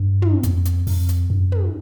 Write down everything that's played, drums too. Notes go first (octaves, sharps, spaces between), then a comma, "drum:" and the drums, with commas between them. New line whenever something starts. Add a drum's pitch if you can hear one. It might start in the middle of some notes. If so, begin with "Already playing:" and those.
Already playing: G2
drum: tom
F2, drum: kick, hi-hat
drum: hi-hat
F2, drum: open hi-hat
drum: hi-hat
F#2
drum: tom